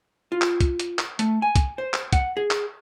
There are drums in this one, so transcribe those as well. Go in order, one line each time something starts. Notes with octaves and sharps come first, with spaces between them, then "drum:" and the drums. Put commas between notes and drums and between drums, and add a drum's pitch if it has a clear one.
F4
drum: clap
drum: kick C2, hi-hat
drum: hi-hat
drum: clap
A3, drum: hi-hat
G#5
drum: kick C2, hi-hat
C5
drum: clap
F#5, drum: kick C2, hi-hat
G#4
drum: clap